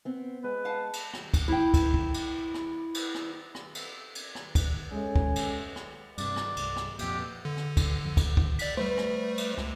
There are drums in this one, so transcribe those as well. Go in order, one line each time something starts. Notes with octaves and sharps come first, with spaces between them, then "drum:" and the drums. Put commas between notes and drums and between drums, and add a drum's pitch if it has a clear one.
B3 C4
G#3 B4
F5 F#5 A5
drum: cymbal
drum: rim click
drum: kick, cymbal
E4 G5
drum: kick, cymbal
drum: kick
drum: cymbal
drum: rim click
drum: cymbal
drum: rim click
drum: rim click
drum: cymbal
drum: cymbal
drum: rim click
drum: kick, cymbal
G#3 C#4 G#4 A4 E5 G#5
drum: kick
drum: cymbal
drum: rim click
G2 C3 D5, drum: cymbal
drum: rim click
C2 G2, drum: cymbal
drum: rim click
F2 A#2 G4, drum: cymbal
D3
drum: rim click
drum: kick, cymbal
F2
drum: kick, cymbal
drum: kick
D5 B6, drum: cymbal
G3 A3 B4 C5
drum: rim click
drum: cymbal
C#2, drum: rim click